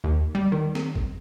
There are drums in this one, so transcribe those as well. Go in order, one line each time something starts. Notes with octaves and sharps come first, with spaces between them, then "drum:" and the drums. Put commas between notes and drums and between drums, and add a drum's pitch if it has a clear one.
D#2
G3
D#3
drum: snare
drum: kick A1